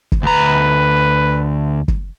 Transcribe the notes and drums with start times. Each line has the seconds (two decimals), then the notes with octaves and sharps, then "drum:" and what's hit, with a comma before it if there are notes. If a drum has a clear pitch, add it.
0.12 drum: kick
0.23 D2 B4 A#5
1.88 drum: kick